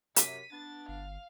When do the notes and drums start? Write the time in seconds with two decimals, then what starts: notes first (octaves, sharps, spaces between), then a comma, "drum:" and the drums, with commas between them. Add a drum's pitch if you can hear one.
0.16 F#2 C3 B6 D#7, drum: hi-hat
0.53 B3 D4 A6
0.88 G1 F5